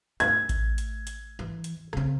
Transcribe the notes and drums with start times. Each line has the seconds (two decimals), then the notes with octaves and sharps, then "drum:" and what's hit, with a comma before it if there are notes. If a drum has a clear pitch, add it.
0.20 A3 G#6, drum: hi-hat
0.49 drum: kick A1, hi-hat
0.78 drum: hi-hat
1.07 drum: hi-hat
1.39 E3
1.64 drum: hi-hat
1.93 C#3 C4, drum: rim click